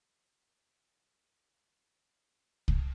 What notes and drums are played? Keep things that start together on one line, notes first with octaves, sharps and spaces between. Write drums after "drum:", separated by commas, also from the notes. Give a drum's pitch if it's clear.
D#3 G4 A#4 G#5 D#6 D#7
drum: kick C2